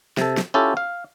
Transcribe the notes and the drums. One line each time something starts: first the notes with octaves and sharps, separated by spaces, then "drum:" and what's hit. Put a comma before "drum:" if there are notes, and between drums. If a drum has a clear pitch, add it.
C3 A4, drum: snare
drum: snare
C#4 E4 F4 G4 A4
F5